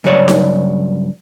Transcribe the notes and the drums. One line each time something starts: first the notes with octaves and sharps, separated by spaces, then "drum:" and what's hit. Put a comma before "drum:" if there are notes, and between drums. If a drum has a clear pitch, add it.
G2 C#3 F#3 C#5 D5
drum: snare D#4